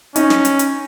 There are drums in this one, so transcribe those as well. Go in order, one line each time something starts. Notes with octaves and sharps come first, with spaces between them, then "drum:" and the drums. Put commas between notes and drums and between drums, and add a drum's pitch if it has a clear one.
C#4 D#4, drum: hi-hat
drum: snare
drum: hi-hat
drum: hi-hat